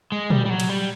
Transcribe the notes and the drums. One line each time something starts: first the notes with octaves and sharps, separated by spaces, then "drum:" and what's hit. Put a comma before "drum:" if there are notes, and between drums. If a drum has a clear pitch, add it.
G#3
G3, drum: tom
G3
F#3
drum: cymbal
G3